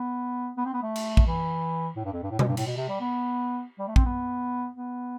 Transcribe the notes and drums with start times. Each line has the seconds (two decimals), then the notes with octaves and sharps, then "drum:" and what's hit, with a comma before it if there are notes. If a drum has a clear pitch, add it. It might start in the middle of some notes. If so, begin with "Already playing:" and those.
Already playing: B3
0.57 B3
0.66 C4
0.74 B3
0.83 A3
0.96 drum: cymbal
1.17 drum: kick A#1
1.27 E3
1.96 A2
2.05 G2
2.13 F2
2.23 G2
2.31 A2
2.39 B2, drum: tom B2
2.48 G2
2.57 A2, drum: cymbal
2.66 B2
2.77 C3
2.89 G3
3.01 B3
3.79 G3
3.88 A3
3.96 C4, drum: kick A#1
4.06 B3
4.75 B3